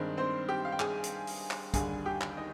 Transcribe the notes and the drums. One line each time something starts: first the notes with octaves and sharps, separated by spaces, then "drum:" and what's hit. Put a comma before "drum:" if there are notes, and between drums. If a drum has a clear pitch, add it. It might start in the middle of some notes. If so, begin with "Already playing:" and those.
Already playing: G2 D#3 G#3 C4
C4 C5
G4 G5
F5
G5
G#4 G#5, drum: clap
drum: hi-hat
drum: open hi-hat
drum: clap
D#2 D3 G3 G#4 G#5, drum: kick, hi-hat
G4 G5
drum: clap
D#4 D#5